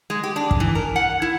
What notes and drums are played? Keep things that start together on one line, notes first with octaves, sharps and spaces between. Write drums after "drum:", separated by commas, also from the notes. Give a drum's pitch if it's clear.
G#3
G4
D4
drum: kick
E3
A#4
F#5
E4